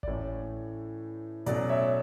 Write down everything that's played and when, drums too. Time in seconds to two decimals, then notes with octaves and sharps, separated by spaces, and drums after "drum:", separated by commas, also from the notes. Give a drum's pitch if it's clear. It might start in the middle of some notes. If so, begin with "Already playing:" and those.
0.03 D5, drum: kick G#1
0.07 A2 E3 A3 C#4 C#5
1.46 B2 F#3 A3 C#4 D5, drum: hi-hat
1.69 C#5 E5